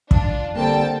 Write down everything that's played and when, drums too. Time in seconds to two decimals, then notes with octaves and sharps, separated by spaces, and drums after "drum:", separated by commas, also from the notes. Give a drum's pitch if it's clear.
0.11 D4 F4, drum: kick
0.55 D3 G3 A#3 C4 G5 A5